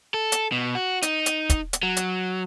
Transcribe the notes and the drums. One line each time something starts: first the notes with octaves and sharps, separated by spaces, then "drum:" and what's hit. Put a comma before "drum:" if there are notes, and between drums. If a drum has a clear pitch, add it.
A4
drum: hi-hat
B2
F#4
D#4, drum: hi-hat
drum: hi-hat
drum: kick, hi-hat
drum: hi-hat
F#3
drum: hi-hat